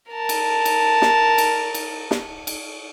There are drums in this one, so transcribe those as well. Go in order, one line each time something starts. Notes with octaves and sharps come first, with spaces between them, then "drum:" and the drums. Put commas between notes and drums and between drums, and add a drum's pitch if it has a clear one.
A#4 A5
drum: cymbal
drum: cymbal
drum: snare
drum: cymbal
drum: cymbal
drum: snare
drum: cymbal